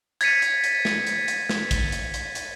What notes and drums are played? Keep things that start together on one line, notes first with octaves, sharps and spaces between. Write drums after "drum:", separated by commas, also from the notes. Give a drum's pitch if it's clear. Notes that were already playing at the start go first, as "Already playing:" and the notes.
G#6 A6 B6 C#7 D#7, drum: hi-hat
drum: hi-hat
drum: hi-hat
drum: snare
drum: hi-hat
drum: hi-hat
drum: snare
drum: kick, hi-hat
drum: hi-hat
drum: hi-hat
drum: hi-hat